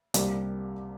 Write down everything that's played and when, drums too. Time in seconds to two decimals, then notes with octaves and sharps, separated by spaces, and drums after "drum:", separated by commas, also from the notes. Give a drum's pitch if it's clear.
0.14 C2 C3 G3 A#3, drum: hi-hat